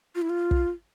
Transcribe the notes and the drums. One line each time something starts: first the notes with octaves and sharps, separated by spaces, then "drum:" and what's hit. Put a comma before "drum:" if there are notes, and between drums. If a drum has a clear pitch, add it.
F4
E4
F4
drum: kick